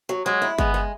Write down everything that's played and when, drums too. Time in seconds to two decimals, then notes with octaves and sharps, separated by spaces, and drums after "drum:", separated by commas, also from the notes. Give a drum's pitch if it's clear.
0.09 F#3
0.26 F#3 G#3
0.42 E4
0.58 G#3 B3, drum: kick G1
0.74 G#3